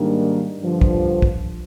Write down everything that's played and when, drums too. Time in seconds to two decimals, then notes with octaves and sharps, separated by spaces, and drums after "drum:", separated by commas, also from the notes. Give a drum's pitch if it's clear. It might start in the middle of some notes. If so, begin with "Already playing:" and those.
Already playing: G#2 D#3 G3 A#3 D4
0.61 G2 D3 F3
0.81 drum: kick
1.22 drum: kick